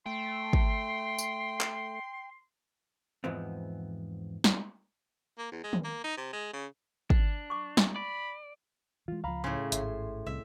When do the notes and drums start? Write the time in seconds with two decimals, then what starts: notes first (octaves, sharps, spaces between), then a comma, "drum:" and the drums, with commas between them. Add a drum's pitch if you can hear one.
0.06 A3 G5 C6
0.53 drum: kick
1.18 drum: tambourine
1.61 drum: clap
3.24 E2 G#2 E3 F3 B3 C4
4.44 drum: snare
5.38 A#3
5.52 E2
5.64 G#3
5.73 drum: tom D#3
5.84 A#3
6.04 D#4
6.17 C3
6.33 G#3
6.53 C#3
7.10 D4, drum: kick
7.50 C#6 D6
7.77 drum: snare
7.96 D5 B5
9.08 E3 G#3 F4
9.24 C#2 F3 F5 A#5 B5
9.44 A2 C#3 C6
9.72 G#1 E5 C6, drum: hi-hat
10.26 C2 C3 E5